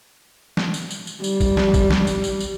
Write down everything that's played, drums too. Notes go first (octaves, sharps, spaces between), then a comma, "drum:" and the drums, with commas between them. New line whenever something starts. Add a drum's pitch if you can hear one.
drum: snare
drum: tambourine
drum: tambourine
drum: tambourine
G3, drum: tambourine
drum: kick, tambourine
drum: snare
drum: kick, tambourine
drum: snare
drum: tambourine
drum: tambourine
drum: tambourine